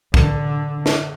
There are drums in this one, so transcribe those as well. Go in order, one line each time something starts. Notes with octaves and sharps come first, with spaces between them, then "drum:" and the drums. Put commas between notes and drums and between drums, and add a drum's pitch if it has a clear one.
D3, drum: kick C2
drum: snare